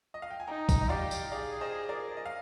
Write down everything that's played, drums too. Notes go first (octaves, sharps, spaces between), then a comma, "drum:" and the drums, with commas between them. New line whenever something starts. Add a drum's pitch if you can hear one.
D#5
F5
G5
G#5
D#4 G5 A#5
drum: kick, tambourine
D#5
G4 D5 F5
drum: tambourine
G#4 D5 F5
C5 D#5
A#4 D5
D#5
F5